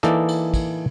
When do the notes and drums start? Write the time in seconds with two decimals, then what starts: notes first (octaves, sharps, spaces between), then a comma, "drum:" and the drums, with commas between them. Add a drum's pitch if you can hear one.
0.03 E3 A#3 D#4 A4 D5, drum: rim click
0.28 drum: cymbal
0.54 drum: kick, cymbal